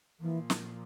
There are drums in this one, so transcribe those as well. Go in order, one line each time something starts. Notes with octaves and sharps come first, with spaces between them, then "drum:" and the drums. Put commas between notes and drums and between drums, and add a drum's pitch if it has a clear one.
A#2 E3 F3 A#3
drum: snare